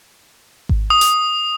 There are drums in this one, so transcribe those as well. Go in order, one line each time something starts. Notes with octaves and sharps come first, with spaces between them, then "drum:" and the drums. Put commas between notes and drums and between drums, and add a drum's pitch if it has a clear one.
drum: kick G#1
D#6
drum: hi-hat